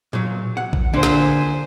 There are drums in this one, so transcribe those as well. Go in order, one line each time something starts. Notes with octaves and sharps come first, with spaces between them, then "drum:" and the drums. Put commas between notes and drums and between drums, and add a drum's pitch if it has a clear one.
A#2 F#3
F#5
drum: kick A#1
A#2 D3 D4 C5 G#5
drum: snare